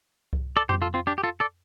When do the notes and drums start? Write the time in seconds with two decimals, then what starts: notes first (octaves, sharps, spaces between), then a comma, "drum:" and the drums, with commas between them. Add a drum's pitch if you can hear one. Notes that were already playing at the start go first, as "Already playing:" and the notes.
0.33 drum: kick C2
0.57 A4 D5
0.69 G4 C5, drum: tom F2
0.82 F4 A4
0.94 C4 F4
1.07 D4 G4
1.18 G4
1.23 F4 A4
1.40 A4 D5